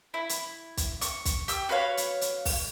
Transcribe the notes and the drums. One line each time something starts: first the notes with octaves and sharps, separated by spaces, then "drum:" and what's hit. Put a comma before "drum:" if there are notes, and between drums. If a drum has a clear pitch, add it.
E4
drum: hi-hat
drum: kick, hi-hat
C#6, drum: hi-hat
drum: kick, hi-hat
G4 E6, drum: hi-hat
F#4 B4 C#5 F5
drum: hi-hat
drum: hi-hat
drum: kick, open hi-hat